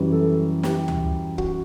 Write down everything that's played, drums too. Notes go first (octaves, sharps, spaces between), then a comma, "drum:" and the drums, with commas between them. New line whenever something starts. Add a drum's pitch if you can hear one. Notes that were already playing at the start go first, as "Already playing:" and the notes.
Already playing: F#2 E3 G3
A4
G4, drum: snare
drum: tom D2
F#4, drum: kick